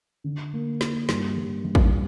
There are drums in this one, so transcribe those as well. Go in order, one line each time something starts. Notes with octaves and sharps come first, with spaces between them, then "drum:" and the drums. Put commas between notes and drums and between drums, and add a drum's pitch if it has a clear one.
D3
A#3
A#3, drum: snare
G2, drum: snare
G2
G2
drum: kick